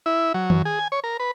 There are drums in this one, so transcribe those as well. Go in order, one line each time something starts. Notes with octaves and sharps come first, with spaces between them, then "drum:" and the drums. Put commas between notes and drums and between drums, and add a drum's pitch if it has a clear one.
E4
F#3
F#2, drum: tom D#3
G#4
G#5
C#5
A#4
B4